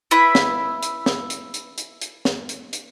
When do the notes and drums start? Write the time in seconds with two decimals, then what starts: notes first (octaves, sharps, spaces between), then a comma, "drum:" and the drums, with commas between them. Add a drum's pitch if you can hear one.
0.11 E4 B4 E5 B5
0.35 drum: snare
0.83 drum: hi-hat
1.06 drum: snare
1.30 drum: hi-hat
1.54 drum: hi-hat
1.78 drum: hi-hat
2.01 drum: hi-hat
2.25 drum: snare
2.49 drum: hi-hat
2.73 drum: hi-hat